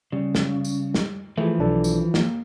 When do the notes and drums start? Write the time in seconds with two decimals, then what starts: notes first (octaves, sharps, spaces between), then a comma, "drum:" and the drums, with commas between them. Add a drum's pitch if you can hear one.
0.12 C#3 G3
0.35 drum: snare
0.65 drum: tambourine
0.94 drum: snare
1.37 E3 F3 A3 G#4
1.59 B1 D4 A4
1.84 drum: tambourine
2.14 A#3, drum: snare